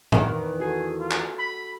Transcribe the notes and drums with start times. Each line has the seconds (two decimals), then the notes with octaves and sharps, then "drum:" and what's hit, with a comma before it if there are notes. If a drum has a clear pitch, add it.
0.12 E2 D#3 E3, drum: tom
0.60 F#4 G#4 A4
1.00 F4
1.11 drum: clap
1.39 B5